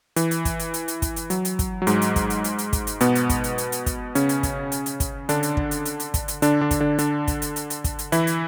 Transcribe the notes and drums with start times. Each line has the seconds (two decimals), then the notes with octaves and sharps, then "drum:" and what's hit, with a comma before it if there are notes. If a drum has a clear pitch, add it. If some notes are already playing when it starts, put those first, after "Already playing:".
0.16 E3, drum: hi-hat
0.31 drum: hi-hat
0.45 drum: kick, hi-hat
0.59 drum: hi-hat
0.74 drum: hi-hat
0.88 drum: hi-hat
1.02 drum: kick, hi-hat
1.16 drum: hi-hat
1.30 F#3, drum: hi-hat
1.45 drum: hi-hat
1.59 drum: kick, hi-hat
1.82 F#3
1.87 G#2 G#3, drum: hi-hat
2.02 drum: hi-hat
2.16 drum: kick, hi-hat
2.30 drum: hi-hat
2.44 drum: hi-hat
2.58 drum: hi-hat
2.73 drum: kick, hi-hat
2.87 drum: hi-hat
3.01 B2 B3, drum: hi-hat
3.15 drum: hi-hat
3.30 drum: kick, hi-hat
3.44 drum: hi-hat
3.58 drum: hi-hat
3.72 drum: hi-hat
3.86 drum: kick, hi-hat
4.15 C#3 C#4, drum: hi-hat
4.29 drum: hi-hat
4.43 drum: kick, hi-hat
4.72 drum: hi-hat
4.86 drum: hi-hat
5.00 drum: kick, hi-hat
5.29 D3 D4, drum: hi-hat
5.43 drum: hi-hat
5.57 drum: kick
5.71 drum: hi-hat
5.85 drum: hi-hat
6.00 drum: hi-hat
6.14 drum: kick, hi-hat
6.28 drum: hi-hat
6.42 D3 D4, drum: hi-hat
6.61 D3 D4
6.71 drum: kick, hi-hat
6.80 D3 D4
6.99 D3 D4, drum: hi-hat
7.28 drum: kick, hi-hat
7.42 drum: hi-hat
7.56 drum: hi-hat
7.70 drum: hi-hat
7.84 drum: kick, hi-hat
7.99 drum: hi-hat
8.12 E3 E4, drum: hi-hat
8.27 drum: hi-hat